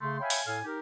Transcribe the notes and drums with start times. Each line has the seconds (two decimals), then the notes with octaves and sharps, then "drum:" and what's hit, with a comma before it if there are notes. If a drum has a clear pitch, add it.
0.01 C#3 A3 C6
0.20 C#5 E5 F5 G5 G#5 B5
0.30 drum: open hi-hat
0.46 A2 A4 C#5 F5 G#5 F6
0.65 D#4 G4 A#4